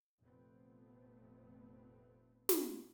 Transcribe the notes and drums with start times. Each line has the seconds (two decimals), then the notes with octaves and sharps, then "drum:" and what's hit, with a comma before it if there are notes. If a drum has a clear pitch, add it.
0.20 F1 A#2 A3 B3 C4
2.49 drum: snare